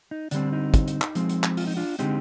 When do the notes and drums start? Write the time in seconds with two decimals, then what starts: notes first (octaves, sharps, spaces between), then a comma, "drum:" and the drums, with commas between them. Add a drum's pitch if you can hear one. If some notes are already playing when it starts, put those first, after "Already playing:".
0.11 D#4
0.31 D3 G3 C4 D4, drum: hi-hat
0.53 D#4
0.74 drum: kick, hi-hat
0.88 drum: hi-hat
1.02 drum: clap
1.15 F3 G#3 C4, drum: hi-hat
1.29 drum: hi-hat
1.43 drum: clap
1.57 F4, drum: open hi-hat
1.67 D#4
1.77 D4 F4
1.99 D3 G#3 C4 D#4 G4, drum: hi-hat